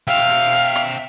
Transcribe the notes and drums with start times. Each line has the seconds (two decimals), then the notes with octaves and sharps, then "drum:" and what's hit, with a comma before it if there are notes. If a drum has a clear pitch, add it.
0.07 E5 F5 G5, drum: hi-hat
0.30 drum: hi-hat
0.53 drum: hi-hat
0.76 drum: rim click